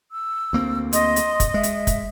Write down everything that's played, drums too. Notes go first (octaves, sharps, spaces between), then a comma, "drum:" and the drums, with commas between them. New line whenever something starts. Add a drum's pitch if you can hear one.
E6
D2 A#3 C4
D#5 C6, drum: hi-hat
drum: hi-hat
drum: kick, hi-hat
G#3 E5
drum: hi-hat
drum: kick, hi-hat